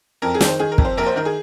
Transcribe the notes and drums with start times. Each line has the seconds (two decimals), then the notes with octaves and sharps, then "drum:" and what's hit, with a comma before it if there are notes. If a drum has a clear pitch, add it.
0.22 F2 A#4
0.34 G#4
0.41 D#3, drum: snare
0.47 C5
0.59 D#3 G#4
0.72 A#4
0.78 F2, drum: kick
0.85 C5
0.97 A#1 A#4
1.06 C5
1.16 D#3 A#4
1.25 G#4